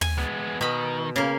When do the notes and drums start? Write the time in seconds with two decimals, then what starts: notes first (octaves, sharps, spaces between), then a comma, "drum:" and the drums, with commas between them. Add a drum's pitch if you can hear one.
0.01 G#5, drum: tom
0.18 G#3 B3
0.61 B2 D#3 B5
1.16 C#3 A#3